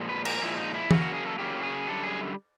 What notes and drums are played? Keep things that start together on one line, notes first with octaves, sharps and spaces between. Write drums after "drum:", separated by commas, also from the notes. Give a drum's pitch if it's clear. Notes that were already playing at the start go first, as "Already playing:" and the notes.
Already playing: A#2 F3 G#3
B4
A#4, drum: cymbal
A#2 F3 G#3 E4
D#4
E4
C#3 F#3 A#3 F#4, drum: tom
F#4
G#4
A4
C#3 F#3 A#3 G4
G#4
F#2 D3 G3 A4
G#4